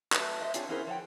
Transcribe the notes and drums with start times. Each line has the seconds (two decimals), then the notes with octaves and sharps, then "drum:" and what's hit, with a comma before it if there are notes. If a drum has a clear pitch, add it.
0.12 F#3 A3 B4, drum: clap
0.41 C5 D#5 E5
0.54 C4 D4 F4 G#4 C#5, drum: hi-hat
0.69 B3 C#4 E4 G#4 A#4 C5
0.87 F3 C#5 E5 F#5 G5